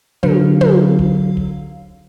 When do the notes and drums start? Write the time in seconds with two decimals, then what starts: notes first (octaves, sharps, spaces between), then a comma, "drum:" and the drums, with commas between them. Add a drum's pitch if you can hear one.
0.23 D3 F#3 F5, drum: tom
0.61 drum: tom
0.99 drum: kick
1.37 drum: kick